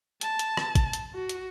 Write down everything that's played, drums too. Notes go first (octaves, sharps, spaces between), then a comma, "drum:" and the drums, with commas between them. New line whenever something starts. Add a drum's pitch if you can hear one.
A5, drum: hi-hat
drum: hi-hat
drum: rim click
drum: kick, hi-hat
drum: hi-hat
F#4
drum: hi-hat